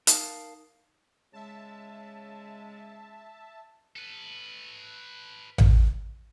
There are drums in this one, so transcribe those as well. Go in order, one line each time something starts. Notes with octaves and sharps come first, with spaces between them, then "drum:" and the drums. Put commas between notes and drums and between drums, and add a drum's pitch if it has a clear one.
D#4 A#4 F5 A5 D#6, drum: hi-hat
C#3 G#3 E5 A5
A4 B4
drum: tom A1